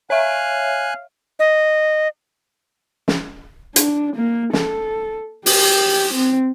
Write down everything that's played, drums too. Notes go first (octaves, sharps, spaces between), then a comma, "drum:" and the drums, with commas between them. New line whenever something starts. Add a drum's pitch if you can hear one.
C#5 E5 F5 G#5 F#6
D#5
drum: snare
D4, drum: hi-hat
A#3
A4, drum: snare
G4, drum: open hi-hat
C4